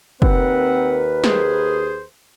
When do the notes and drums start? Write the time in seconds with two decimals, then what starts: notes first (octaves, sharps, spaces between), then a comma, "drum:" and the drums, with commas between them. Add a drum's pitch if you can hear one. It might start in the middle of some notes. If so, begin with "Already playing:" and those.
0.22 D#2 C4 A#4 B4 F#5, drum: kick
1.24 G#4 C5, drum: snare